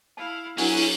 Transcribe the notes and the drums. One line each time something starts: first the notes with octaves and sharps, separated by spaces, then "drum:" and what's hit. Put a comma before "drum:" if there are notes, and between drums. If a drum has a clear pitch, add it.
E4 F5 A5
F#3 C#4 D4 E4 G4 F#5, drum: open hi-hat
drum: open hi-hat